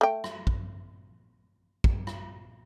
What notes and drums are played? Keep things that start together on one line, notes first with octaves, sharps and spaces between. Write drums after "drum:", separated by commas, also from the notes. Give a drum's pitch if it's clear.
A3 G5
drum: rim click
drum: kick
drum: kick
drum: rim click